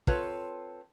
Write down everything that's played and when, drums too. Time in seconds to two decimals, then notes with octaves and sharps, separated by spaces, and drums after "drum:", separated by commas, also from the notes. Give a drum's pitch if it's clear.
0.07 C4 F4 A4 B4 C#5, drum: kick